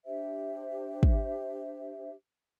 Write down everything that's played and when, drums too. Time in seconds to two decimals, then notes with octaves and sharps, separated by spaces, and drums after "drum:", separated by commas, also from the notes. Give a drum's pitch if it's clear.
0.06 D4 G4 C5 E5
1.03 drum: kick